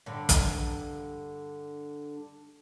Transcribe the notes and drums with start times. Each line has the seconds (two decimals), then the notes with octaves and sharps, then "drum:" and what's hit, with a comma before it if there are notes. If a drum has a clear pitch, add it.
0.06 G2 D3
0.29 drum: kick, hi-hat